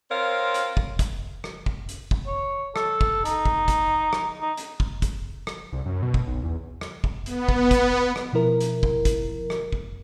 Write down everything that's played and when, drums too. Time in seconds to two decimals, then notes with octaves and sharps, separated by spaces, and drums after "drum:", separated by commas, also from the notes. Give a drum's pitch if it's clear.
0.10 C4 F4 A#4 C#5 F5
0.54 drum: hi-hat
0.77 drum: kick
0.99 drum: kick, hi-hat
1.44 drum: rim click
1.66 drum: kick
1.89 drum: hi-hat
2.11 drum: kick
2.27 C#5
2.76 A4, drum: rim click
3.01 drum: kick
3.25 D#4, drum: hi-hat
3.46 drum: kick
3.68 drum: kick, hi-hat
4.13 drum: rim click
4.41 D#4
4.57 drum: hi-hat
4.80 drum: kick
5.02 drum: kick, hi-hat
5.47 drum: rim click
5.73 C2
5.86 F#2
6.02 B2
6.14 drum: kick
6.27 B1
6.43 E2
6.81 drum: rim click
7.04 drum: kick
7.26 B3, drum: hi-hat
7.49 drum: kick
7.71 drum: kick, hi-hat
8.16 drum: rim click
8.33 B2 F3 E4 A#4
8.61 drum: hi-hat
8.83 drum: kick
9.05 drum: kick, hi-hat
9.50 drum: rim click
9.72 drum: kick